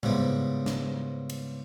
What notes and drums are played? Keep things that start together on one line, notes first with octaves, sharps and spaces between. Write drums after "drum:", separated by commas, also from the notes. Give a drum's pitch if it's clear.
G#2 C#3 G3 B3 C4 E4, drum: tom A2
drum: snare
drum: cymbal